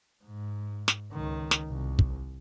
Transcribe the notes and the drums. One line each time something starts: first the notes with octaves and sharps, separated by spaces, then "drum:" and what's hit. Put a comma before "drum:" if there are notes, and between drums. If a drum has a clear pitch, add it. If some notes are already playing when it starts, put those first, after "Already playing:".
G#2
drum: snare
C#2 D#3
drum: snare
C2
drum: kick